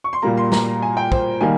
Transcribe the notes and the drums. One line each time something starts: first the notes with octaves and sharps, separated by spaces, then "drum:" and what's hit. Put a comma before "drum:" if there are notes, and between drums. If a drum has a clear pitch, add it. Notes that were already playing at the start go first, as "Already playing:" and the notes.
C#6
C6
A#2 G3 A#3 A#5
C6
A#5, drum: snare
G#5
G5
C5, drum: kick
D#3 G3 A#3 G#5